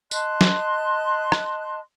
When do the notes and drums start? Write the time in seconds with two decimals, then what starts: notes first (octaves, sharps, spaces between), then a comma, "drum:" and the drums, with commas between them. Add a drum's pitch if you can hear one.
0.11 D#5 A5 C6 F#6, drum: tambourine
0.41 drum: snare
1.32 drum: rim click